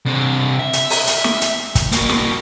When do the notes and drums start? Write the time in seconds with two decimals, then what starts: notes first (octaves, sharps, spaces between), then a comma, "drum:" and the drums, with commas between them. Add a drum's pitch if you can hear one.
0.06 C3 D4
0.59 E5
0.73 drum: hi-hat
0.90 drum: open hi-hat
1.07 drum: hi-hat
1.24 drum: snare
1.41 drum: hi-hat
1.75 drum: kick, hi-hat
1.92 A#3 F#4, drum: hi-hat
2.09 drum: snare